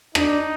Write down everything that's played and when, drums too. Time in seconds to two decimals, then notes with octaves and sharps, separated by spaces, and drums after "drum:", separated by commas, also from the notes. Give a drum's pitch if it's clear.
0.15 D4 D#4, drum: rim click